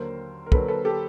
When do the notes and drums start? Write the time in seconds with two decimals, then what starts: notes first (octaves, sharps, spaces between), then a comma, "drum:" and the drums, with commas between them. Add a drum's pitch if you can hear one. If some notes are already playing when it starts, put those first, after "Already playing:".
Already playing: D#2 D3 F#3 A#4 C5
0.46 A#4
0.52 D#2 D3 F#3 A4 B4, drum: kick
0.68 A4 B4
0.85 G4 A4